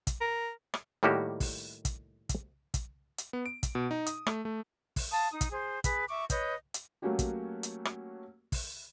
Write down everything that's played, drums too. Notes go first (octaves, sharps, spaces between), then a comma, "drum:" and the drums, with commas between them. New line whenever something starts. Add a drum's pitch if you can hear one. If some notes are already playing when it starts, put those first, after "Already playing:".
drum: kick, hi-hat
A#4
drum: rim click
A2 D#3 G3 A#3 F#4 G4
drum: kick, open hi-hat
drum: kick, hi-hat
drum: kick, hi-hat
drum: kick, hi-hat
drum: hi-hat
B3
D7
drum: kick, hi-hat
B2
D#4
D#6, drum: hi-hat
A3, drum: rim click
A3
drum: kick, open hi-hat
F5 A5 D#6
D#4 D#6
drum: kick, hi-hat
G#4 C5
G#4 B4, drum: kick, hi-hat
E5 C#6 D6
B4 C#5 D#5 G6, drum: kick, hi-hat
drum: hi-hat
F#3 A3 A#3 C#4 F#4 G4
drum: kick, hi-hat
drum: hi-hat
drum: rim click
drum: kick, open hi-hat